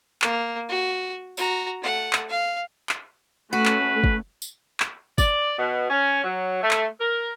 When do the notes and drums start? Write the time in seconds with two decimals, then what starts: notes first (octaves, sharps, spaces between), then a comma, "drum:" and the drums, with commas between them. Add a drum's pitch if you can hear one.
0.22 A#3, drum: clap
0.69 F#4
1.37 F#4 A#5, drum: tambourine
1.81 A3 F#5
2.13 drum: clap
2.29 F5
2.89 drum: clap
3.53 A3 C#4 F#4 B4
3.65 drum: clap
4.04 drum: kick
4.42 drum: tambourine
4.80 drum: clap
5.18 D5, drum: kick, tambourine
5.58 B2
5.90 C#4
6.23 F#3
6.61 A3
6.71 drum: clap
6.99 A#4